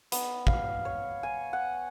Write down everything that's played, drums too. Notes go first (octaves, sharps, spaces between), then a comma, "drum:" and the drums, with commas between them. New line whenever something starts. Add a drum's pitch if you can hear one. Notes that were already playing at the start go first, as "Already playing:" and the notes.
B3, drum: hi-hat
F5, drum: kick
C#5
G#5
F#5